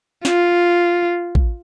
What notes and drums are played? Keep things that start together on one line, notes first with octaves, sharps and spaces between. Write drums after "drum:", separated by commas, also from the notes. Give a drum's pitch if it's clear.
F4, drum: snare
drum: kick